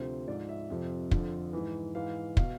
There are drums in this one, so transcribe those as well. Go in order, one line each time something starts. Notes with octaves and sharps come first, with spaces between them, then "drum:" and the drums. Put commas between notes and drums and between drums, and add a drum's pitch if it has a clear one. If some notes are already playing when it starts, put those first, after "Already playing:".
Already playing: D2 C3 F3 C5
G#2 F3 D5
E5
F2 C3 F3
F2 D3 F3, drum: kick
G#2 E3
G#2 E3 F5
B2 F5, drum: kick